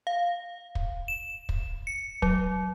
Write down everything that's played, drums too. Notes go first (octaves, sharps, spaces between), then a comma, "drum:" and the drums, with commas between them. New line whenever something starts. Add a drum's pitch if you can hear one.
F5
drum: kick
E7
drum: kick
C#7
F#3, drum: kick